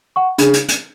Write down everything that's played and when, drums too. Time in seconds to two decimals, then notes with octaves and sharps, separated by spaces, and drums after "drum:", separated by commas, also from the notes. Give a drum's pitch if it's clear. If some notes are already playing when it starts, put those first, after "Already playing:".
0.16 F#5 C#6
0.38 C#3 D4, drum: hi-hat
0.53 drum: hi-hat
0.69 drum: hi-hat